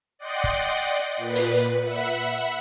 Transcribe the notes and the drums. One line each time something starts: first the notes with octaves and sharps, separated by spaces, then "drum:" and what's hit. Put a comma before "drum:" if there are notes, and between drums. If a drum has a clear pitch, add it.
D5 D#5 F#5 G5 C6
drum: kick
drum: hi-hat
A#2 B4
drum: open hi-hat
drum: hi-hat
E5 F#5 B5